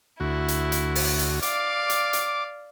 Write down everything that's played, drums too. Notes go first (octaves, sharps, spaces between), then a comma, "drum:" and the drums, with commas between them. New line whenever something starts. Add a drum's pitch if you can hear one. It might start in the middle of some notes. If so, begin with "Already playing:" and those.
D2 E4 F#4
drum: hi-hat
drum: hi-hat
drum: open hi-hat
drum: hi-hat
D5 F5 D6, drum: hi-hat
drum: hi-hat
drum: hi-hat